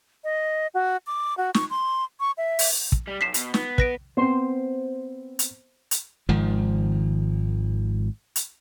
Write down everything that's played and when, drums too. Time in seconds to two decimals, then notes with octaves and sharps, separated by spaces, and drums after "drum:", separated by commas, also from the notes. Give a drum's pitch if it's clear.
0.24 D#5
0.74 F#4
1.07 D6
1.38 F#4
1.54 C#6, drum: snare
1.70 C6
2.20 C#6
2.38 E5
2.59 drum: open hi-hat
2.92 drum: kick
3.08 G3
3.21 B1 B6 C7 E7
3.34 B2, drum: hi-hat
3.54 B3, drum: snare
3.78 B4 A#6 D7, drum: kick
4.17 B3 C4 C5
5.39 drum: hi-hat
5.91 drum: hi-hat
6.29 G#1 G#2 D#3 F3
8.36 drum: hi-hat